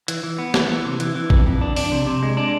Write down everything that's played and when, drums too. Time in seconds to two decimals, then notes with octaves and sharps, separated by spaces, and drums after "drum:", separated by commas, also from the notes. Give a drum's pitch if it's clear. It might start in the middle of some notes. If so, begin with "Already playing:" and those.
0.08 E3, drum: hi-hat
0.23 E3
0.38 B3
0.54 E3, drum: snare
0.70 E3
0.85 C3
1.00 E3, drum: hi-hat
1.15 E3
1.30 F2, drum: kick A1
1.46 F2
1.61 D4
1.76 D4, drum: open hi-hat
1.92 C3
2.07 C3
2.23 G#3
2.37 D4